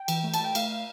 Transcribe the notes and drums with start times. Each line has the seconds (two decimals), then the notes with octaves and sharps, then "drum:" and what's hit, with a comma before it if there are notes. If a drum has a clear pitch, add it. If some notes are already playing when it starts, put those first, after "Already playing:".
Already playing: G5
0.08 E3, drum: cymbal
0.24 A3
0.34 A5, drum: cymbal
0.39 A3 G5
0.55 A3 F5, drum: cymbal